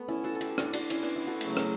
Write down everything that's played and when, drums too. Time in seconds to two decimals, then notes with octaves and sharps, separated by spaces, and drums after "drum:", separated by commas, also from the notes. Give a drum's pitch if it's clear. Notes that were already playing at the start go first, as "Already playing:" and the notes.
Already playing: A3 B3
0.08 C#4 E4
0.24 F#4 A4
0.35 A4
0.41 E4 G4, drum: cymbal
0.58 D4 F#4, drum: rim click
0.73 D4 F#4, drum: cymbal
0.90 C#4 E4, drum: cymbal
1.02 B3 D4
1.16 C#4 E4
1.27 F#4 A4
1.41 C#3 F#3 A3, drum: cymbal
1.57 drum: rim click